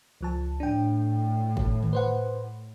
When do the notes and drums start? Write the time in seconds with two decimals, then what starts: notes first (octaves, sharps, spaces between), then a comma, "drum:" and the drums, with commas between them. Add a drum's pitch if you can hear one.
0.21 C#2 F3 A5
0.60 A2 D4 G5
1.57 drum: kick
1.83 drum: tom D3
1.93 B4 C5 F#5